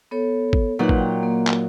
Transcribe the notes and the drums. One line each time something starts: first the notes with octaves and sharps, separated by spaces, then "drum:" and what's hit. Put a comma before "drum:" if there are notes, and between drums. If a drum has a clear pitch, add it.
B3 A4 C#5
drum: kick
A#2 F#3 D#4 B4 F#5
drum: kick
G5
A#3
drum: clap